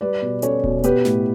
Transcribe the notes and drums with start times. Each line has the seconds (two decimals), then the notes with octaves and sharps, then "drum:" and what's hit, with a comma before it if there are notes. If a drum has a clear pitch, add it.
0.01 G3 B4 D5
0.22 B2
0.42 C#4 A4 C#5, drum: hi-hat
0.64 B2, drum: kick D#1
0.84 B3 G4 B4, drum: hi-hat
1.05 A2, drum: snare